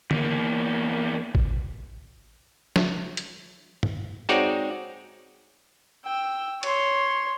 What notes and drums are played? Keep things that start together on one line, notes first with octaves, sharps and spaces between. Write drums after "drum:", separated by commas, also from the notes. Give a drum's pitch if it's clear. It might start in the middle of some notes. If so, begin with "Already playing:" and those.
E2 A#3, drum: tom D3
drum: kick G#1
drum: snare
drum: hi-hat
drum: tom G2
G#3 C4 D#4 F#4 C#5 D5
G5 E6
C#5 C6, drum: cymbal